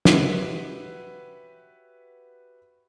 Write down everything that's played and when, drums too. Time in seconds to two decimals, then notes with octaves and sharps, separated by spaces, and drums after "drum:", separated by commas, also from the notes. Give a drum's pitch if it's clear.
0.05 F#4 G4 B4 C#5 E5 F#5, drum: snare